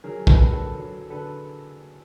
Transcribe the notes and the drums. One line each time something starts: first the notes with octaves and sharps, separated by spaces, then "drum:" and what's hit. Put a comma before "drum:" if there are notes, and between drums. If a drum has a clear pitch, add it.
F#3 G#4 A#4
A4 B4, drum: kick
D3
A4 B4
F#3
D3 A4 B4